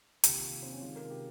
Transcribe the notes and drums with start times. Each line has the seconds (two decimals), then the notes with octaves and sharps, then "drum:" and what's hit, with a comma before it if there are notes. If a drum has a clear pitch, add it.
0.24 C3 D#3 A#3 G4, drum: hi-hat
0.39 F4
0.63 C4
0.72 C#4
0.81 C3 D#3 G#3 F4
0.96 A#4
1.10 G4